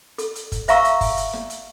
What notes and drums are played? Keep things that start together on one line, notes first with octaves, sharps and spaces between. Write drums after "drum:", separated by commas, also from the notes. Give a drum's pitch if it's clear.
A4, drum: hi-hat
drum: hi-hat
drum: kick F#1, hi-hat
C5 E5 F5 A#5 C#6 E6, drum: hi-hat
drum: hi-hat
drum: kick F#1, open hi-hat
drum: hi-hat
drum: snare
drum: hi-hat